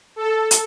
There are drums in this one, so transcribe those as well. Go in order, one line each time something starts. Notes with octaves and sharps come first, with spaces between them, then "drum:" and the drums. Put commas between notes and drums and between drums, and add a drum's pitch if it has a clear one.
A4
drum: hi-hat